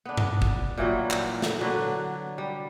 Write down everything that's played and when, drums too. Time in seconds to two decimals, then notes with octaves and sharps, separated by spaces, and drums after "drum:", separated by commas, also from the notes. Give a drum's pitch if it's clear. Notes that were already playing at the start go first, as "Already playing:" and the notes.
0.05 B3 D4
0.17 drum: tom G2
0.42 drum: kick
0.77 A#2 E3 F#3 G3
1.11 drum: clap
1.42 drum: snare
1.61 D3 F#3 D4 B4
2.38 G3